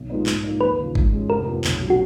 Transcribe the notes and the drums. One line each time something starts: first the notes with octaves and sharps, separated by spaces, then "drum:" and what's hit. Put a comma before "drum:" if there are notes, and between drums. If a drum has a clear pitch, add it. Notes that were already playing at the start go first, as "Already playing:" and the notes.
Already playing: B1
A#2 G#3 B3 D#4
G#2, drum: clap
F3 A#3 D#4
D#2 B4
C#3 F3
G#2, drum: kick G#1
F3 G#3 C#4
F1 A#4
F2 F3 B3
B1, drum: clap
A#2 F#3 C#4
F#4